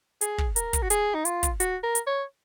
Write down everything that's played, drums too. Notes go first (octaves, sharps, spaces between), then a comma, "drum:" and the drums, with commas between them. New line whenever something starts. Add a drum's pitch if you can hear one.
G#4, drum: hi-hat
drum: kick
A#4, drum: hi-hat
drum: kick, hi-hat
F#4
G#4, drum: hi-hat
D#4
F4, drum: hi-hat
drum: kick, hi-hat
F#4, drum: hi-hat
A#4
drum: hi-hat
C#5